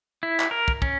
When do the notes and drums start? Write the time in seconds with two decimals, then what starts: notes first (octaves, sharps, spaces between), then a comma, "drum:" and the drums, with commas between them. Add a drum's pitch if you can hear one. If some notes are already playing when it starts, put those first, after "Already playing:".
0.23 E4
0.40 drum: clap
0.51 A#4
0.68 drum: kick
0.82 C#4, drum: kick